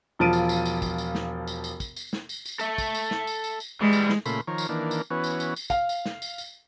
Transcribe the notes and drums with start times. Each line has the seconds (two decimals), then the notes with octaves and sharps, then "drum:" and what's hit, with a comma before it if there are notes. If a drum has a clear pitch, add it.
0.19 E1 F3 F4 A5 D7 D#7
0.33 drum: tambourine
0.49 drum: tambourine
0.66 drum: tambourine
0.82 drum: kick, tambourine
0.98 drum: tambourine
1.15 drum: snare
1.47 drum: tambourine
1.64 drum: tambourine
1.80 drum: kick, tambourine
1.96 drum: tambourine
2.13 drum: snare
2.29 drum: tambourine
2.46 drum: tambourine
2.60 A4 E5, drum: tambourine
2.78 drum: kick, tambourine
2.95 drum: tambourine
3.11 drum: snare
3.27 drum: tambourine
3.44 drum: tambourine
3.60 drum: tambourine
3.81 E3 G3 G#3
3.93 drum: tambourine
4.09 drum: snare
4.26 A#2 C#3 A3 B5 C6, drum: tambourine
4.47 D#3 F3 A#4 C#5
4.58 drum: tambourine
4.69 D#3 E3 A#3 D4
4.91 drum: tambourine
5.11 E3 B3 C#4 F#4
5.24 drum: tambourine
5.40 drum: tambourine
5.56 drum: tambourine
5.70 F5, drum: kick, tambourine
5.89 drum: tambourine
6.05 drum: snare
6.22 drum: tambourine
6.38 drum: tambourine